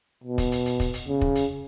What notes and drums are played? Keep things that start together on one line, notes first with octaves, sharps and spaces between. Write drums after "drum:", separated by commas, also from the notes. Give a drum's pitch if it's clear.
B2
drum: kick, hi-hat
drum: hi-hat
drum: hi-hat
drum: kick, hi-hat
drum: hi-hat
C#3
drum: kick
drum: hi-hat